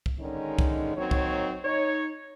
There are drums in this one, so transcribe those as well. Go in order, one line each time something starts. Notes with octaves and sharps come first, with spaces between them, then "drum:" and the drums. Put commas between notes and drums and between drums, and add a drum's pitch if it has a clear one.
drum: kick C2
D3 D#3 G#3 C#4 D#4
drum: kick C2
F#3 A#3 C4 D#4 C#5
drum: kick C2
D#4 C#5